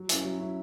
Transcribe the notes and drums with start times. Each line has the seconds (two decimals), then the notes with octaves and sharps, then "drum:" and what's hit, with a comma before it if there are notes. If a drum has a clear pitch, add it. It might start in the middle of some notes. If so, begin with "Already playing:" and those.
Already playing: F#3
0.09 C#4 E4, drum: hi-hat
0.24 F#3
0.40 C#4 E4